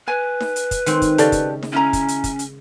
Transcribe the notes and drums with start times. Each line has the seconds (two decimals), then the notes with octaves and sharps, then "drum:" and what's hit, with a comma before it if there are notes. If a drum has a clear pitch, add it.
0.08 B4 G#5
0.41 drum: snare D#4
0.56 drum: hi-hat
0.71 drum: kick, hi-hat
0.86 D#3 G#3 C4, drum: hi-hat
1.02 drum: kick, hi-hat
1.18 C#3 G4 A4 D5, drum: hi-hat
1.32 drum: kick, hi-hat
1.63 drum: snare D#4
1.73 C#4 E4 A#5
1.93 drum: kick, hi-hat
2.08 drum: hi-hat
2.24 drum: kick, hi-hat
2.39 drum: hi-hat